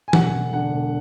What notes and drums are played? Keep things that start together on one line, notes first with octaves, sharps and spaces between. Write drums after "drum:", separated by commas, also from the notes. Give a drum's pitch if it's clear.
G#5
E1 F#5, drum: tom
E1
D3 F#5
E1